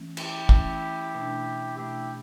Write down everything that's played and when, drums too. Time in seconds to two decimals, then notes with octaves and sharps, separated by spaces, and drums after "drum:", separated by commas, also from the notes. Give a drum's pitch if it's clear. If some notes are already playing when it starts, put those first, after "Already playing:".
Already playing: E3 A3 C#4
0.17 E4 G4, drum: cymbal
0.49 E3 A3 C#4, drum: kick
1.14 B2 A3 D4
1.78 B2 A3 D4 E4 G4